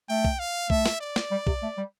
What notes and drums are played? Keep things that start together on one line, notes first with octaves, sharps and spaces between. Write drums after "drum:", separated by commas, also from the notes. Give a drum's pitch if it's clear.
A3 G5
drum: kick B1
F5
A3 E5, drum: kick B1
drum: snare
D5
drum: snare
G3
C3, drum: kick B1
A3
G3